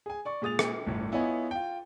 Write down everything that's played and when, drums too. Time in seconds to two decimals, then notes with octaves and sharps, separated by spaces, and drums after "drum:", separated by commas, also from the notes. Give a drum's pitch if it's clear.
0.06 G#4 G#5
0.25 D5 C#6
0.42 A#2 G#3 D#6 A6 F7
0.59 drum: rim click
0.87 G1 A2
1.12 B3 E4 F4 C#5 D#5 G#5
1.51 F4 G5